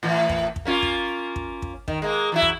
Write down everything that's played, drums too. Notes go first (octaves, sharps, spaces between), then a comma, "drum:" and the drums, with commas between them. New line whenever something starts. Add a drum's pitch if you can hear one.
A2 E3
drum: kick
drum: kick
A#3 C#4 F4
drum: kick
drum: kick
drum: kick
D#3, drum: kick
G#3 A#3
E3 F#3 E4
drum: kick